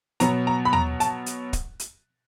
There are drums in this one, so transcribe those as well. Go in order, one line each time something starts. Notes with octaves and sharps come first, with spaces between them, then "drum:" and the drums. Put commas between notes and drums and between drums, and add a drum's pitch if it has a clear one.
B2 F#3 B3 A#5, drum: hi-hat
A#5
B5
A#5, drum: tom D#2
A5, drum: hi-hat
drum: hi-hat
drum: kick, hi-hat
drum: hi-hat